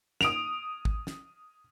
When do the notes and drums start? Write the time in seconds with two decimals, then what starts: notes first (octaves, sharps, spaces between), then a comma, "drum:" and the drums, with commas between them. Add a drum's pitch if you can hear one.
0.21 D#6 D7 F7, drum: snare
0.85 drum: kick
1.07 drum: snare